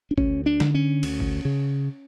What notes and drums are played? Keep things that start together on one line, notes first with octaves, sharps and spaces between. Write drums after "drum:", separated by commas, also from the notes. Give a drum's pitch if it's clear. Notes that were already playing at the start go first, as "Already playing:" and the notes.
D4
D2 C#4, drum: kick G#1
D4
D3, drum: snare
C#4
D2, drum: cymbal
drum: kick G#1
C#3